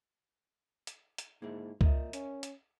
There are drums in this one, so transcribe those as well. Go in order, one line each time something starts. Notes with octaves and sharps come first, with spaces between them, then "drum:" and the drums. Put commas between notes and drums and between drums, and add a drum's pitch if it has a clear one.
drum: hi-hat
drum: hi-hat
G#2 A#3 E4 G#4
A#2 A#4 D#5 E5, drum: kick
C#4, drum: hi-hat
drum: hi-hat